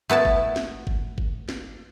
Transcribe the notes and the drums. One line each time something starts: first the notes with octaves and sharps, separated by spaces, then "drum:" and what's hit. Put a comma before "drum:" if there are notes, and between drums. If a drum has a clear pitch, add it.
A3 B3 E4 A5
drum: kick
drum: snare
drum: kick
drum: kick
drum: snare